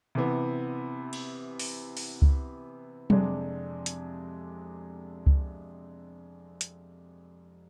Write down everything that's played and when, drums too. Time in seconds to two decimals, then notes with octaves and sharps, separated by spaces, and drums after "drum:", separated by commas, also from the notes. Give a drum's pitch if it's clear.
0.15 C3 E3 B3
1.13 drum: cymbal
1.59 drum: open hi-hat
1.97 drum: open hi-hat
2.22 drum: kick C#2
3.10 F2 C3 G#3 D4, drum: tom F#3
3.86 drum: hi-hat
5.26 drum: kick C#2
6.61 drum: hi-hat